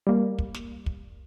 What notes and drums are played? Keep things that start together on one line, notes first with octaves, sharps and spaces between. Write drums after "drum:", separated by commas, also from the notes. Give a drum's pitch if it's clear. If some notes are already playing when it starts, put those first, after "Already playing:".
G3 A#3
drum: kick
drum: snare
drum: kick